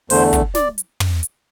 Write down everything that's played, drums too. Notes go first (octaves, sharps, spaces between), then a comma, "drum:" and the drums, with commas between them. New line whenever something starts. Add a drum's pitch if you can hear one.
E2 D3 A3 C5, drum: open hi-hat
drum: kick, hi-hat
D5, drum: snare
drum: hi-hat
drum: tom
drum: hi-hat